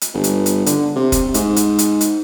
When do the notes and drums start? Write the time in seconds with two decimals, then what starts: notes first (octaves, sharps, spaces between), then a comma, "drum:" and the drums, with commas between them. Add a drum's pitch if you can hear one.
0.01 drum: hi-hat
0.14 G1
0.24 drum: hi-hat
0.46 drum: hi-hat
0.66 D3, drum: hi-hat
0.96 C3
1.12 drum: kick, hi-hat
1.34 G#2, drum: hi-hat
1.56 drum: hi-hat
1.78 drum: hi-hat
2.01 drum: hi-hat